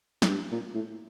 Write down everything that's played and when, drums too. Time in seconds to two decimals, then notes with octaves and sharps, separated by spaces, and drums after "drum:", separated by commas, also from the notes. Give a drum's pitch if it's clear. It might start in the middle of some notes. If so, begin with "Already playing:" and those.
0.22 A2, drum: snare
0.29 G2
0.52 A#2
0.74 A2